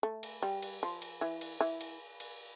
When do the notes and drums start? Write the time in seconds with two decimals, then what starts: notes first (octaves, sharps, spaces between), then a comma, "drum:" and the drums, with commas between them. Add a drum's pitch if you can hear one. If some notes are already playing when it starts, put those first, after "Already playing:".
0.03 A3
0.23 drum: cymbal
0.42 G3
0.62 drum: cymbal
0.83 F3
1.02 drum: cymbal
1.21 E3
1.41 drum: cymbal
1.61 E3
1.81 drum: cymbal
2.20 drum: cymbal